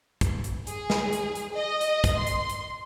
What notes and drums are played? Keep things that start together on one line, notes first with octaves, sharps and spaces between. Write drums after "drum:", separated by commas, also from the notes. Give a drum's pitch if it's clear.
drum: kick, hi-hat
drum: hi-hat
G#4, drum: hi-hat
drum: snare
drum: hi-hat
drum: hi-hat
D#5
drum: hi-hat
drum: kick, hi-hat
C6
drum: hi-hat
drum: hi-hat